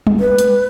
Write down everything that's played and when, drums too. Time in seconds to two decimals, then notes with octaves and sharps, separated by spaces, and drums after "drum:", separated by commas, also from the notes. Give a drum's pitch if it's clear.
0.07 drum: tom G3
0.20 B4
0.38 drum: hi-hat